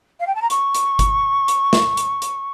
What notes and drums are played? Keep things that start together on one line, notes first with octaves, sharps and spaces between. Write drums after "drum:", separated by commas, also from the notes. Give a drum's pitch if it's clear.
F5
G5
A5
A#5
C#6, drum: hi-hat
drum: hi-hat
drum: kick G1, hi-hat
drum: hi-hat
drum: snare
drum: hi-hat
drum: hi-hat